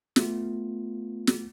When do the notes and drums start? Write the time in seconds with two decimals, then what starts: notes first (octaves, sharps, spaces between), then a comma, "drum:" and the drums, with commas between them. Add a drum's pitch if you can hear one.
0.16 A3 B3 F4, drum: snare
1.27 drum: snare